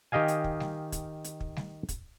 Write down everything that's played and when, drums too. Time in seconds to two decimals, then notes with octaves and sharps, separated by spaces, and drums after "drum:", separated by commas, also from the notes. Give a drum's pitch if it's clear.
0.12 D#3 G4 D#5 F5 G#5
0.28 drum: hi-hat
0.44 drum: kick
0.60 drum: snare G3
0.92 drum: kick, hi-hat
1.24 drum: hi-hat
1.40 drum: kick
1.56 drum: snare G3
1.89 drum: kick, hi-hat